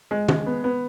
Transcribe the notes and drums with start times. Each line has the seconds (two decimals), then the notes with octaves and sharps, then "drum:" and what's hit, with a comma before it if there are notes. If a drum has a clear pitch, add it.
0.11 G#3
0.29 G#3, drum: tom
0.46 B3
0.64 B3